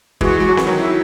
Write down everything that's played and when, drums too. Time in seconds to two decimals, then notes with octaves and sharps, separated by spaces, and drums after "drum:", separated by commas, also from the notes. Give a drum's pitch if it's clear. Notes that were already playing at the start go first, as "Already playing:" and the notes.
0.21 E3 G#3 F#4, drum: kick
0.39 G#3 F#4
0.49 F#3
0.57 E3, drum: snare C4
0.66 D#3 F#3
0.77 E4